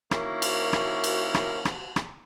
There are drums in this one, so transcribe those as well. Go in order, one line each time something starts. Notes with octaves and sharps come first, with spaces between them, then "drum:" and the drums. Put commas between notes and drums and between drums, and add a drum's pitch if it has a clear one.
D#3 A#3 C#4 E4 F#4, drum: rim click
drum: cymbal
drum: rim click
drum: cymbal
drum: rim click
drum: rim click
drum: rim click